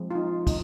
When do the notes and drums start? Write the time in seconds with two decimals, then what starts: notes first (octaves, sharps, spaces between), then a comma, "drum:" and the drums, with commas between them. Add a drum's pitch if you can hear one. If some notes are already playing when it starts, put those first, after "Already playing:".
Already playing: F3 G#3 C4
0.11 F4
0.15 D#4
0.47 D#4, drum: kick, cymbal